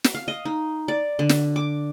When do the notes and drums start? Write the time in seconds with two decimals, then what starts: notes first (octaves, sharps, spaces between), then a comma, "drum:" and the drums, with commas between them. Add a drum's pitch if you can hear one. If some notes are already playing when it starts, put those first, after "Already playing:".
0.04 drum: snare
0.15 F5
0.28 D#5
0.45 D#4
0.88 D5
1.19 D3
1.29 drum: snare
1.56 D6